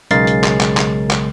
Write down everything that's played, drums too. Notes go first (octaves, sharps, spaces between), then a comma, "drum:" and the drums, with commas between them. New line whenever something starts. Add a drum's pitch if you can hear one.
B1 C#3 G#3 A#4 A6 C7, drum: hi-hat
drum: hi-hat
drum: clap
drum: clap
drum: clap
drum: clap